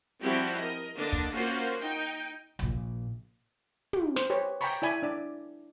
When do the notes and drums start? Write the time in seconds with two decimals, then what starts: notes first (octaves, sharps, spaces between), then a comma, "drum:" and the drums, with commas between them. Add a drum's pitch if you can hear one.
0.22 F3 G3 C4 E4 F#4 G4
0.58 A#4 D#5
0.97 D3 A#3 D4 D#5 A5
1.12 drum: kick
1.33 A#3 C#4 F4 F#4 A#4 C5
1.80 D#4 G5
2.59 A#1 A#2, drum: hi-hat
3.93 drum: tom
4.16 C5, drum: snare
4.30 G4 B4 C#5
4.61 G5 G#5 A#5 B5 C#6, drum: open hi-hat
4.82 E4 D5 G#5 B5
5.02 D4 D5